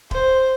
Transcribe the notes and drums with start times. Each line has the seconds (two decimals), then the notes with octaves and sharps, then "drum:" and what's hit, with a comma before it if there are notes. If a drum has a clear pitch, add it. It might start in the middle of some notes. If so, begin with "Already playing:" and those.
0.11 C5, drum: kick